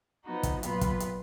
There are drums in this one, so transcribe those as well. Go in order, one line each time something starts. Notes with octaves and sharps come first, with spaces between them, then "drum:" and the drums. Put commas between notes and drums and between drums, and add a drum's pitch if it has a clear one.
F3 B3 D#4 F#4
drum: kick, hi-hat
A#2 F#3 B3 F4 B4, drum: hi-hat
drum: kick, hi-hat
drum: hi-hat